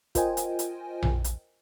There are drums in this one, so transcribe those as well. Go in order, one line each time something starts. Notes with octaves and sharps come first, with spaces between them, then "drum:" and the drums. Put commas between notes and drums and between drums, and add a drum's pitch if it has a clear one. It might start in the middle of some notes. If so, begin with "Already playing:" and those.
F4 A#4 C5 D#5 G5 G#5, drum: kick, hi-hat
drum: hi-hat
drum: hi-hat
drum: tom A#1
drum: hi-hat